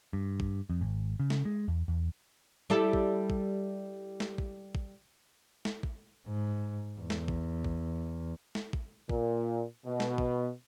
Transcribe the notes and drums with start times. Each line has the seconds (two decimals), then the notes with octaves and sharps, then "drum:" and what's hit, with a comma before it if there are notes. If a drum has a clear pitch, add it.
0.13 G2
0.40 drum: kick
0.70 F2
0.81 G#1
1.20 C#3
1.30 drum: snare
1.45 G#3
1.68 E2
1.88 E2
2.70 G3 E4 A4
2.93 drum: kick
3.30 drum: kick
4.20 drum: snare
4.38 drum: kick
4.75 drum: kick
5.65 drum: snare
5.83 drum: kick
6.27 G#2
7.00 E2
7.10 drum: snare
7.28 drum: kick
7.65 drum: kick
8.55 drum: snare
8.73 drum: kick
9.09 A#2, drum: kick
9.85 B2
10.00 drum: snare
10.18 drum: kick